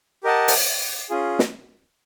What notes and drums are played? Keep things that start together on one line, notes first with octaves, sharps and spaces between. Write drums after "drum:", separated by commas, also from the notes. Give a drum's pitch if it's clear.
G4 A#4 D#5 F#5 A5
drum: open hi-hat
C#4 F4 G#4
drum: snare